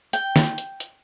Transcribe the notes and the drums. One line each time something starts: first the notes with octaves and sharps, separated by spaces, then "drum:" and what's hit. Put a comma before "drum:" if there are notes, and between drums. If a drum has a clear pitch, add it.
G5, drum: hi-hat
drum: snare
drum: hi-hat
drum: hi-hat